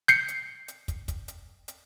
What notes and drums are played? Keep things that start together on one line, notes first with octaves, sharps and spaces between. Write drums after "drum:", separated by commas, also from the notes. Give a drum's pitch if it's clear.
G6 C7 C#7, drum: hi-hat
drum: hi-hat
drum: hi-hat
drum: kick, hi-hat
drum: kick, hi-hat
drum: hi-hat
drum: hi-hat